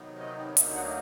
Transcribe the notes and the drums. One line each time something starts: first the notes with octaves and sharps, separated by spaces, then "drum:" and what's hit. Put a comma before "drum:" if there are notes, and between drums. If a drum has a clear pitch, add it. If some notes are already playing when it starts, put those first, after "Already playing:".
Already playing: C3 D#3 F#3 B3 D#4
D#5
D2 D3 F#3 A#3 D#4 E5, drum: hi-hat
F#5